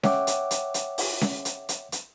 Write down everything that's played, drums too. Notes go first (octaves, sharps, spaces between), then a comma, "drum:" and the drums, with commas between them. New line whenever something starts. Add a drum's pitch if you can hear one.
C#5 E5 F#5 G5 D6, drum: snare C#4
drum: hi-hat
drum: hi-hat
drum: hi-hat
drum: open hi-hat
drum: snare C#4
drum: hi-hat
drum: hi-hat
drum: hi-hat